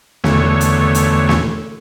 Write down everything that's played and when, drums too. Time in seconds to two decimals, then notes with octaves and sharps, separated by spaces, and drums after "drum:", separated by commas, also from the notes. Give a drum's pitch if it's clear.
0.24 E2 D3 A3 C#5, drum: snare
0.61 drum: hi-hat
0.94 drum: hi-hat
1.29 drum: snare